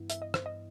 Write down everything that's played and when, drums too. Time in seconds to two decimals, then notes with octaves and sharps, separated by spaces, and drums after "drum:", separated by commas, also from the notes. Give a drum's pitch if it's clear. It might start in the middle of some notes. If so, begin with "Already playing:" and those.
Already playing: G2 E3 B3 E4
0.10 E5, drum: hi-hat
0.22 D#5
0.34 C5, drum: rim click
0.46 D#5